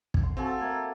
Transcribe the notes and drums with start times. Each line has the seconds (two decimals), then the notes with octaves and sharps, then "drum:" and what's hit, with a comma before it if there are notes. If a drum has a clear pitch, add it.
0.14 drum: kick
0.23 C6
0.37 C4 F4 F#4 A4 G#5
0.61 A#3 A#4 E5 G#6